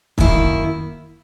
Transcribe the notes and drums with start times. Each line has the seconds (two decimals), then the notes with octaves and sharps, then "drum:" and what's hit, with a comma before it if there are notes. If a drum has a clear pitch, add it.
0.18 F#2 D#3 A#3 E4, drum: kick